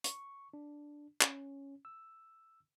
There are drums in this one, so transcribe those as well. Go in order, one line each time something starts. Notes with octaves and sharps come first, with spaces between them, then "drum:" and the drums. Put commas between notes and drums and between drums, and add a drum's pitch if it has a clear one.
C#6, drum: hi-hat
D4
C#4, drum: clap
E6